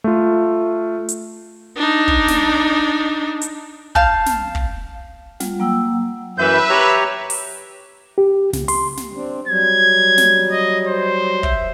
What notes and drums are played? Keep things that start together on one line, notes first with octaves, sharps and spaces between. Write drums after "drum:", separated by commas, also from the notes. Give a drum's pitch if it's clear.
A3 F4
drum: hi-hat
D4 D#4
drum: kick
drum: snare
drum: hi-hat
F5 A5 F6 G6, drum: kick
drum: snare
drum: kick
G3 F4 F#5, drum: snare
F#3 A#3 F#5 G5 E6
F#2 E3 B4 E5 G6
G4 C#5 A#5
drum: open hi-hat
G4
C#2, drum: snare
C6, drum: open hi-hat
drum: snare
C4 D4
F#3 G3 G#6
drum: snare
D#5
C5
E5, drum: kick